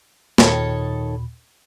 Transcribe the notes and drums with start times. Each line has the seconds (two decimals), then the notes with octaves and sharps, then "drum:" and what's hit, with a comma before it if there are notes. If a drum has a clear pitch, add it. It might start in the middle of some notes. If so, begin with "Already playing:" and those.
0.38 D#2 A#2 D#3 A4 C#5 B5, drum: snare